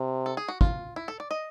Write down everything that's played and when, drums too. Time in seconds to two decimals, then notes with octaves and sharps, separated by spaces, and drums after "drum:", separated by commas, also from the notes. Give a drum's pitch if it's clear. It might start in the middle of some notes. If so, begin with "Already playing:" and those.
Already playing: C3
0.26 A4
0.37 G#4
0.48 F#4
0.61 F4, drum: kick
0.96 E4
1.08 A4
1.20 D5
1.31 D#5